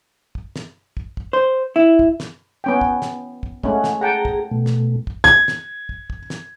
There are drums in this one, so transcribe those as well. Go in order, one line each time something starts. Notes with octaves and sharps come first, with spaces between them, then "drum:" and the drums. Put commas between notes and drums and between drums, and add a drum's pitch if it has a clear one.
drum: kick
drum: snare
drum: kick
drum: kick
C5
E4
drum: kick
drum: snare
B3 C#4 G5
drum: kick
drum: snare
drum: kick
G#3 A3 C#4 F#5, drum: kick
drum: snare
G#4 F#5 G5 A5 A#5
drum: kick
B2 A3
drum: snare
drum: kick
G#6
drum: snare
drum: kick
drum: kick
drum: snare